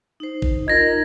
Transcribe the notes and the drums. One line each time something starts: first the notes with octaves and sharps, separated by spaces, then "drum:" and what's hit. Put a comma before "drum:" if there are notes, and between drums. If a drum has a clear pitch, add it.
D#4 C5
drum: kick A1
D#4 F4 A#4 G#6 A#6